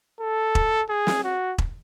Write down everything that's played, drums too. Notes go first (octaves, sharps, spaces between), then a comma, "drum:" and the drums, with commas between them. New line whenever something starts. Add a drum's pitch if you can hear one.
A4
drum: kick E1
G#4
drum: snare
F#4
drum: kick E1